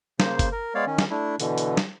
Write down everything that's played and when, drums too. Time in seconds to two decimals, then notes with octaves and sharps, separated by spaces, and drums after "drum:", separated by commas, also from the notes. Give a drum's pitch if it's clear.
0.20 C#3 A#3 C5, drum: snare
0.39 drum: kick G1, hi-hat
0.52 A#4
0.75 G#3 B3 C#5 D5 F5
0.87 D#3 C#4
0.98 drum: snare
1.10 A3 D4 E4
1.40 B2 D3 E3, drum: hi-hat
1.58 drum: hi-hat
1.77 drum: snare